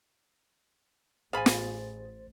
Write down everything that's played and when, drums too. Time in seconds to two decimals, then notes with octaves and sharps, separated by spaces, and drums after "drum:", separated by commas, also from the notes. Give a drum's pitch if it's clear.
1.33 A1 G#4 C5 F5 G#5 B5 A6
1.46 drum: snare